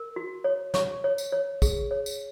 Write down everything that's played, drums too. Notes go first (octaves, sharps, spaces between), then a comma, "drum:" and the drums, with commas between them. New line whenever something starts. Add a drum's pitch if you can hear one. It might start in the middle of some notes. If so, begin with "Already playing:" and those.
Already playing: A#4
F#4
C#5
C#5 C#6, drum: snare
C#5
drum: tambourine
C#5
G#4, drum: kick, tambourine
C#5
drum: tambourine